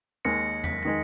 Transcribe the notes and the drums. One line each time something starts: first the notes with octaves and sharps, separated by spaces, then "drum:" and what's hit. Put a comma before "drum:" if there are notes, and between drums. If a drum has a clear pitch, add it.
D#2 D#3 G#3 A#6 C#7
B6, drum: tom E2
D#3 G#3 A#6